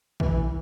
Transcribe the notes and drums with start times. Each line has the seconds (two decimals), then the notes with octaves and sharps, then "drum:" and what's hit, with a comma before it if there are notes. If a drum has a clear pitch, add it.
0.20 E3, drum: kick